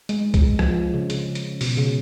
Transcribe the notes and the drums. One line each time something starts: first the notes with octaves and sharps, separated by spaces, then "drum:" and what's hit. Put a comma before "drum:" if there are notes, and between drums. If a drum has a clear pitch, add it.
G#3, drum: hi-hat
G#3, drum: kick C2, hi-hat
F3, drum: rim click
C#3
C#3, drum: hi-hat
drum: hi-hat
B2, drum: open hi-hat
C#3